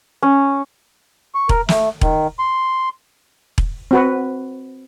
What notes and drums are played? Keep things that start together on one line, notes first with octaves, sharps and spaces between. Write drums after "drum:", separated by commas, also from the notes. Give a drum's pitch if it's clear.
C#4
C#6
A#4, drum: kick E1
A3, drum: snare
D#3, drum: kick E1
C6
drum: kick E1
C4 F#4 B4